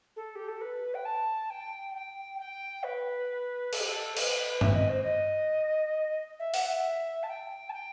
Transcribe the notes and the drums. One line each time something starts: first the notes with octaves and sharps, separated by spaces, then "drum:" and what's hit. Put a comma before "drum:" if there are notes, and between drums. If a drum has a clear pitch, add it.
A4
G4
A4
B4
G5
A5
G5
G5
G5
B4
A4, drum: cymbal
G4
A4
B4, drum: cymbal
E5, drum: tom G2
D#5
C5
D#5
E5
F#5, drum: open hi-hat
E5
A5
G5
A5
G5